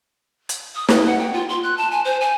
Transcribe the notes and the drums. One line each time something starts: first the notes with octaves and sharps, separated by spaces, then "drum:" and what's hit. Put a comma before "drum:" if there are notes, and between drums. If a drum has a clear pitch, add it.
drum: hi-hat
D#6
B4, drum: snare
F#5
G5
F4
C6
F#6
A5
G#5
C5
G#5